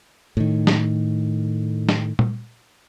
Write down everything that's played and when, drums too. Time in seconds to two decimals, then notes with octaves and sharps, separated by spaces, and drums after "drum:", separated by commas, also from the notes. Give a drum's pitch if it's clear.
0.37 A2 D#3
0.67 drum: snare
1.89 drum: snare
2.19 drum: tom A#2